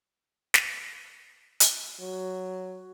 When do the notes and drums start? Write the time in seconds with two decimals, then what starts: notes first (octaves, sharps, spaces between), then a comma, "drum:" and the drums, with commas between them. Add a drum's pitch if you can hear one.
0.54 drum: snare
1.60 drum: hi-hat
2.00 F#3